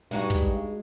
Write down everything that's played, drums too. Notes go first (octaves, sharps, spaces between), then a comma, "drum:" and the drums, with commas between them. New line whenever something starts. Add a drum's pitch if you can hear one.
G2 G#3 D#4 F#4
drum: kick